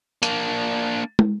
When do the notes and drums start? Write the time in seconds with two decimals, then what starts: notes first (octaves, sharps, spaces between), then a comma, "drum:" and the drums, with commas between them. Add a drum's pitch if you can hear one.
0.23 A#3 D4, drum: hi-hat
1.19 drum: tom